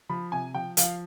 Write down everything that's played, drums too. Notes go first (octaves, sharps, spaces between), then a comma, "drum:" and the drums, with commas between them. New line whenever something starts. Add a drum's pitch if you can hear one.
F3 B5
C3 G#5
F3 G5
F3 F5, drum: hi-hat